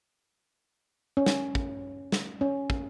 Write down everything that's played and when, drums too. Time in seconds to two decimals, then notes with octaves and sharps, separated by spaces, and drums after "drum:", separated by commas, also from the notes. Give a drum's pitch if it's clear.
1.17 C#4
1.26 drum: snare
1.55 drum: kick
2.12 drum: snare
2.41 C#4
2.70 drum: kick